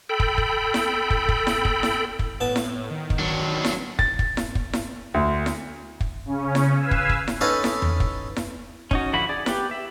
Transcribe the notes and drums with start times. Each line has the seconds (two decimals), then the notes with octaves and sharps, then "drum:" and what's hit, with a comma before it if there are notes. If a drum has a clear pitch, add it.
0.09 A4 G5 B5
0.20 drum: kick
0.38 drum: kick
0.74 drum: snare E4
1.10 drum: kick
1.29 drum: kick
1.47 drum: snare E4
1.65 drum: kick
1.83 drum: snare E4
2.19 drum: kick
2.41 A2 B3 A5
2.56 drum: snare E4
2.91 D#3
3.10 drum: kick
3.19 F#3 D4
3.65 drum: snare E4
3.99 A6, drum: kick
4.19 drum: kick
4.37 drum: snare E4
4.55 drum: kick
4.73 drum: snare E4
5.14 D2
5.46 drum: snare E4
6.00 drum: kick
6.26 C#3 C#4
6.55 drum: snare E4
6.78 B4 F5 G#5 E6
6.91 drum: kick
7.09 drum: kick
7.28 drum: snare E4
7.41 C#4 D#4 A4 B4 D#5 F5
7.64 drum: snare E4
7.82 drum: tom E2
8.00 drum: kick
8.36 drum: snare E4
8.91 C#4 D#4 F#4, drum: kick
9.13 D3 F3 E4 F#4 B5
9.29 G#4 D5
9.46 G4 B4, drum: snare E4
9.71 E5